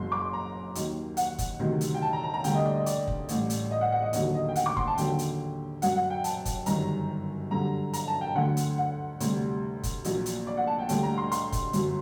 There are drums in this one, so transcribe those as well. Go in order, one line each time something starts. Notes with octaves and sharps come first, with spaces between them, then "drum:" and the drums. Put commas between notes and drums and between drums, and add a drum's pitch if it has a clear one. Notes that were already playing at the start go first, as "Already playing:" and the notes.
Already playing: F#1 F#2 F#3 C6
D6
A#5
D#2 D#3 F#3, drum: hi-hat
F#5, drum: hi-hat
drum: kick F#1, hi-hat
D2 C3 D#3 F#3
drum: hi-hat
G5
A5
A#5
A#5
A#5
D2 D3 G3 G5, drum: hi-hat
D#5
D5
D#5
D5, drum: hi-hat
drum: kick F#1
A1 A2 G3, drum: hi-hat
drum: hi-hat
D#5
F#5
F#5
D#5
D#2 D3 F#3 D#5, drum: hi-hat
D#5
G5
F#5, drum: hi-hat
D6
C6, drum: kick F#1
A5
D#2 D3 F#3 G5, drum: hi-hat
drum: hi-hat
F#2 F#3 F#5, drum: hi-hat
F#5
G5
A5, drum: hi-hat
drum: kick F#1, hi-hat
G1 F#2 D#3 G3 A#5, drum: hi-hat
F#2 D3 G3 A#5
A#5, drum: hi-hat
A5
G5
D2 D3 F#3 F#5
drum: hi-hat
F#5
D2 C3 G3, drum: hi-hat
drum: kick F#1, hi-hat
A#1 A#2 F#3, drum: hi-hat
drum: hi-hat
D5
F#5
A5
G5
D2 D3 G3 G5, drum: hi-hat
A#5
C6
C6, drum: hi-hat
drum: kick F#1, hi-hat
G1 F#2 F#3, drum: hi-hat